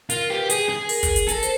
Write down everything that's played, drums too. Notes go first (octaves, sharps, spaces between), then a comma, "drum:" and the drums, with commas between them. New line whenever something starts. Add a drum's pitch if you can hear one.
F4 A#4, drum: hi-hat
G4 B4
G#4, drum: hi-hat
G#4
A#4, drum: open hi-hat
drum: kick, hi-hat
drum: hi-hat
A4 A#4, drum: hi-hat
C5, drum: hi-hat